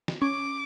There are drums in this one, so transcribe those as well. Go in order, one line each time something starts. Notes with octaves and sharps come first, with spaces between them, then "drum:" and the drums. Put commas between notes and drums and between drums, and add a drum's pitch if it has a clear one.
drum: snare
C#4 D6